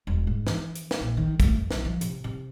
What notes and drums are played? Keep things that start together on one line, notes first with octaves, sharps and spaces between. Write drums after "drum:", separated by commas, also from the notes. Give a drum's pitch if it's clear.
E1
G#2
E3, drum: snare
drum: hi-hat
drum: snare
A#1
D#3
A3, drum: kick, hi-hat
F2
B1, drum: snare
F3
C3, drum: hi-hat
C3